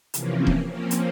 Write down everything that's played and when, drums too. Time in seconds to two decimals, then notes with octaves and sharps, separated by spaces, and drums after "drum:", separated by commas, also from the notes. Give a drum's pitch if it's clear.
0.14 C3 E3 F3 A#3 C4 C#4, drum: hi-hat
0.47 drum: kick D#1
0.69 F3 A#3 C4 C#4
0.91 drum: hi-hat